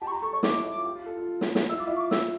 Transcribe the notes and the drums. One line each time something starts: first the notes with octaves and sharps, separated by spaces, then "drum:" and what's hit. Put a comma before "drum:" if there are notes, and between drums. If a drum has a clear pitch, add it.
G4 A5
C#6
G4 A#5
A4 C#6
C#5 C#6
E4 D6, drum: snare
E4
E4
F4
G4
F4
A4
F4
drum: snare
drum: snare
E4 E6
F4 D6
E4
C#6
D6
E6, drum: snare